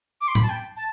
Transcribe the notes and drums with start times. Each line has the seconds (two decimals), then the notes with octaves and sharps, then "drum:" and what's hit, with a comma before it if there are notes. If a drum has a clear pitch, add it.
0.21 D6
0.28 C6
0.35 B5, drum: tom A2
0.43 A5
0.49 G5
0.77 A5